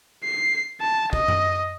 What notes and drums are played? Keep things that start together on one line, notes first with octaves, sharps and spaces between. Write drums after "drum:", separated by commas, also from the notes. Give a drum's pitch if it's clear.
C7
A5
D#5, drum: kick
drum: tom F#2